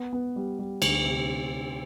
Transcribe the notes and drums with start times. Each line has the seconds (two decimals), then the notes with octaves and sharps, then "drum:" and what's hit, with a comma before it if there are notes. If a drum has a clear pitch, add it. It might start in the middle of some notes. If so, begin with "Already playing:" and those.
Already playing: B3
0.13 B3
0.36 G3
0.59 G3
0.82 D2, drum: cymbal
1.05 C3